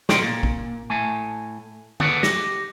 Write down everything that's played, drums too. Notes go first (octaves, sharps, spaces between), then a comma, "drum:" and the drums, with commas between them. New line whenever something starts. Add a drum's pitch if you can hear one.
B2 F#3 B3 A#4 G5 C6, drum: snare
A#2
drum: kick A1
A2 A3 G#5
G#4 A4 B4 C#5 D5 F#5, drum: tom D3
G4 D#5, drum: snare